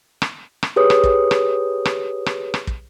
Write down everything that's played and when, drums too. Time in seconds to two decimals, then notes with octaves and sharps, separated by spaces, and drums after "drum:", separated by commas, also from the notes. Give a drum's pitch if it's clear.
0.22 drum: rim click
0.63 drum: rim click
0.76 G4 G#4 B4 C#5 D#6
0.90 drum: rim click
1.04 drum: kick
1.31 drum: rim click
1.85 drum: rim click
2.26 drum: rim click
2.54 drum: rim click
2.67 drum: kick